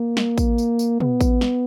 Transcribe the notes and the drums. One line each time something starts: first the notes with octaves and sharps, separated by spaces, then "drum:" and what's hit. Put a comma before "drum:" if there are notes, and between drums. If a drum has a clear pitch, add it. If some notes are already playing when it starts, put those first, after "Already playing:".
Already playing: A#3
drum: snare
drum: kick A1, tambourine
drum: tambourine
drum: tambourine
B3, drum: tom
drum: kick A1, tambourine
drum: snare